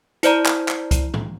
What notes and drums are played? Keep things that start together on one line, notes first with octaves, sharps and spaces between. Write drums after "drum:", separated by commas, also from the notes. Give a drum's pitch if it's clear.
E4 C5 D5 A#5, drum: hi-hat
drum: clap
drum: clap
drum: kick C2, hi-hat
drum: tom A2